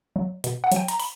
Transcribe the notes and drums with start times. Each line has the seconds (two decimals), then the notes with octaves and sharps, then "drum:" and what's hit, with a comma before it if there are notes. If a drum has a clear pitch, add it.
0.16 F#3
0.44 B2, drum: hi-hat
0.64 F#5
0.72 F#3 G5, drum: hi-hat
0.88 A#5, drum: hi-hat
1.00 B5, drum: open hi-hat